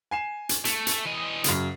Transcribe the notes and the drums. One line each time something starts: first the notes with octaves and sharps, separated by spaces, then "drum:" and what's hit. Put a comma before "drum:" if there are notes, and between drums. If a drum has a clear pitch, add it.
G#5 C7 E7
drum: hi-hat
A3, drum: hi-hat
drum: hi-hat
E3 D#5
F#2 C#3, drum: hi-hat